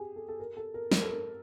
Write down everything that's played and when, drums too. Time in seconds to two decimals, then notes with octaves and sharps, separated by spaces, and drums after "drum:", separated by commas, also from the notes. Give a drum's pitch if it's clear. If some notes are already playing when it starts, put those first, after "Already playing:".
Already playing: G4 G#4
0.16 A4
0.28 A4
0.40 A#4
0.57 A4
0.74 A#4
0.92 A#4, drum: snare
1.02 A4
1.08 A#4